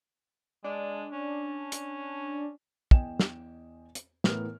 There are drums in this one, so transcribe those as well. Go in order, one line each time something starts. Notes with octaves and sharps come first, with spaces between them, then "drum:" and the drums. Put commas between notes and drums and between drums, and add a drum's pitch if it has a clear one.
G#3 D4
C#4
drum: hi-hat
E2 D#5 G5 G#5 E7, drum: kick
drum: snare
drum: hi-hat
A2 E3 B3 A#4 F6, drum: snare